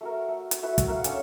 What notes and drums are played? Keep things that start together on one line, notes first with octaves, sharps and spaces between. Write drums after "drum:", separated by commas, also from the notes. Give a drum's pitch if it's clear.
A3 F#4 A#4
A3
drum: hi-hat
A3 E4 F#4 B4
drum: kick, hi-hat
A#4 F5 F#5
C#4 D4 A4 C#5, drum: hi-hat